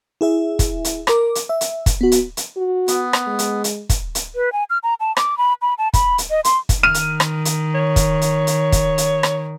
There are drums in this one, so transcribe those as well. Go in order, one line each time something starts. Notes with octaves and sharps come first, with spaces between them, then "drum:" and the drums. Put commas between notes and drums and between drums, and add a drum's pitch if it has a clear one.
E4 G#4 E5
drum: kick, hi-hat
drum: hi-hat
A#4 D6, drum: rim click
drum: hi-hat
E5
drum: hi-hat
drum: kick, hi-hat
B3 F#4
drum: hi-hat
drum: hi-hat
F#4
B3, drum: hi-hat
drum: rim click
G#3
drum: hi-hat
drum: hi-hat
drum: kick, hi-hat
drum: hi-hat
B4
G#5
F6
A#5
A5
D6, drum: rim click
B5
B5
A5
B5, drum: kick, hi-hat
drum: hi-hat
D#5
C6, drum: hi-hat
drum: kick, hi-hat
D#3 F6 D#7
drum: hi-hat
drum: rim click
drum: hi-hat
C#5
drum: kick, hi-hat
drum: hi-hat
drum: hi-hat
drum: kick, hi-hat
drum: hi-hat
drum: rim click